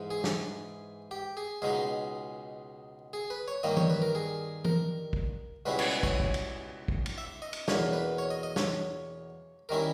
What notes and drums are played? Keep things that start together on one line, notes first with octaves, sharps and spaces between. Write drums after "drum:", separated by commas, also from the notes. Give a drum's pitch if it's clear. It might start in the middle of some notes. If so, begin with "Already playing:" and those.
Already playing: G#2 E3 G#3
G#4
drum: snare
G4
G#4
C#2 B2 G#3 D#4 G#4
G#4
B4
C#5
G2 D#3 G3 A#3 D#5
C#5, drum: tom
B4
A#4
G#4
A#4, drum: tom
drum: kick
C#2 B2 G3 C#4 E4 B4
C#5, drum: cymbal
B4
C#5, drum: kick
drum: kick
drum: cymbal
drum: kick
drum: cymbal
E5
D#5
drum: cymbal
E2 B2 A#3 C#5, drum: snare
B4
C#5
D#5
D#5
C#5, drum: snare
D#3 G3 C#4 E4 A#4